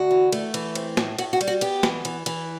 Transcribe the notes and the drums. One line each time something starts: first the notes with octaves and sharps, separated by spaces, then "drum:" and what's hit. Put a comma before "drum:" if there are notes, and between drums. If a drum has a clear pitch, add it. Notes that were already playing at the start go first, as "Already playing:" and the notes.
Already playing: D2 F#4
E3
A3, drum: cymbal
E3, drum: cymbal
C4, drum: cymbal
A2, drum: snare
A2 F#4, drum: cymbal
F#4
G3, drum: cymbal
F#4
B3 G4, drum: cymbal
E3, drum: snare
E3, drum: cymbal
E3, drum: cymbal